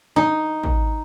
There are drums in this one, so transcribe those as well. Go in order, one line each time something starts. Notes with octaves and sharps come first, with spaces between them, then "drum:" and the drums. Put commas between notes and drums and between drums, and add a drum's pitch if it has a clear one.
D#4
drum: kick